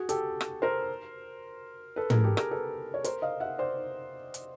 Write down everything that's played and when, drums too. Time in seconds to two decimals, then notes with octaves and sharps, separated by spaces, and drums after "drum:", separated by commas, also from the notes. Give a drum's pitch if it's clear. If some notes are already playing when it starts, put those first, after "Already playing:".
Already playing: F#4 G#4
0.09 G4 A4, drum: hi-hat
0.41 drum: rim click
0.62 A#4 C5
1.96 A4 B4
2.10 G#4 A#4, drum: tom
2.24 G4 A4
2.37 G#4 A#4, drum: rim click
2.51 A4 B4
2.94 C#5
3.04 A#4 C5, drum: hi-hat
3.22 D#5 F5
3.40 E5 F#5
3.58 C5 D5
4.34 drum: hi-hat